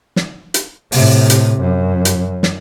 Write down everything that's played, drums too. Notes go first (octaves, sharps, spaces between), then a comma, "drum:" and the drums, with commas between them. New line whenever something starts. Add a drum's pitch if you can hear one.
drum: snare
drum: hi-hat
A2 C3, drum: open hi-hat
drum: hi-hat
F#2
drum: hi-hat
drum: snare